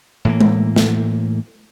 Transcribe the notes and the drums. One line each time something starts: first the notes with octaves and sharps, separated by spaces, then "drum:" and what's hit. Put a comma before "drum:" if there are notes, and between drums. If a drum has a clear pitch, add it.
A2 E3 A#3
drum: tom G#3
drum: snare